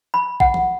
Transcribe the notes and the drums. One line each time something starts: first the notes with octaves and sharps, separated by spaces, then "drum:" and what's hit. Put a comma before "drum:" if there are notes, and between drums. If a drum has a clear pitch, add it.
B5
F#5, drum: kick A1
drum: tom